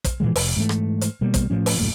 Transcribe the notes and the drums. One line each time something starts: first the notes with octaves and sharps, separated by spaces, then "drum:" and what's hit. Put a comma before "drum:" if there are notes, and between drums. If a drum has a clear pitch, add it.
drum: kick, hi-hat
A#2 E3 F3 G#3
F1, drum: open hi-hat
G#2 E3 A3
drum: rim click
drum: hi-hat
B2 G3 A#3
drum: kick, hi-hat
A2 F3 C#4
drum: open hi-hat
D#1 F#2 A#2 A3